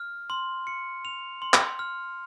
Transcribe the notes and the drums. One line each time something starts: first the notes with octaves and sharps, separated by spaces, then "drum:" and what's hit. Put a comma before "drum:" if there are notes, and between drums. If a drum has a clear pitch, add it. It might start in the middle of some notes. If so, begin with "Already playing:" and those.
Already playing: F6
C6
C#7
F7
C6
drum: clap
F6